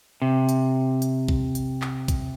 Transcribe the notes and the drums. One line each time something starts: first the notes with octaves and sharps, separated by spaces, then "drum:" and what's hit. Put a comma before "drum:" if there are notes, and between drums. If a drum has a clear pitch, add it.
C3
drum: hi-hat
drum: hi-hat
drum: kick A#1
drum: hi-hat
drum: clap
drum: kick A#1, hi-hat